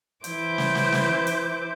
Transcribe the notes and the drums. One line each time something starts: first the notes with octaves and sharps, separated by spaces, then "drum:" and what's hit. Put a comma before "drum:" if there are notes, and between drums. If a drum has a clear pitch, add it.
E3 E4 C5 D6 G6, drum: hi-hat
drum: snare
drum: snare
drum: snare
drum: hi-hat